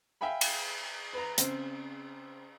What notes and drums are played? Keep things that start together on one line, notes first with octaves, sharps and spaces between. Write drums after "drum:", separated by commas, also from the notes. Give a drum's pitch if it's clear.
E5 F5 G5 G#5 B5
drum: cymbal
B4 A#5
C#3 C4, drum: hi-hat